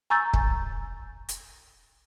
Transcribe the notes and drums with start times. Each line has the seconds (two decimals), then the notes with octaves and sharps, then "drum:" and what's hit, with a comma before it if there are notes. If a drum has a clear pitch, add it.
0.10 G#5 A#5 C#6 E6 G6 A6
0.34 drum: kick
1.29 drum: hi-hat